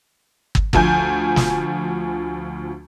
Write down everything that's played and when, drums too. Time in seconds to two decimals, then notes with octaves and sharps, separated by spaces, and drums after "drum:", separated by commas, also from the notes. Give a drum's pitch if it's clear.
0.55 drum: kick
0.73 D2 F3 G#5 G6, drum: kick
1.36 drum: snare